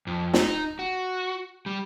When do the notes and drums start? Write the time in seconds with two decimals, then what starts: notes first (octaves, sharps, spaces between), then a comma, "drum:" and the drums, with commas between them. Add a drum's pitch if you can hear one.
0.07 F2
0.34 D#4, drum: snare
0.79 F#4
1.66 G3